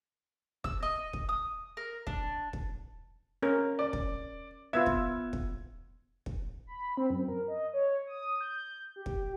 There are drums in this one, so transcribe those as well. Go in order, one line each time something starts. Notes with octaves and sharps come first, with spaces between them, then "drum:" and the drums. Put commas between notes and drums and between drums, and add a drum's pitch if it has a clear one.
E6, drum: kick
D#5
drum: kick
D#6
A#4
D4, drum: kick
drum: kick
C#4 A#4
D5
drum: kick
B3 F4 B4 E5 E6 G#6
drum: kick
drum: kick
drum: kick
B5
C4
F#2
A#4
D#5
C#5
D#6
G6
G4
drum: kick